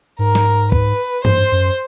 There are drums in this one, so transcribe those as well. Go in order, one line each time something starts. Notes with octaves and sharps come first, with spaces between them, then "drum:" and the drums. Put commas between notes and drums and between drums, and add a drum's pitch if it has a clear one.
G#2 A#4
drum: snare
B4, drum: kick
G2 C5, drum: tom G#2
F#2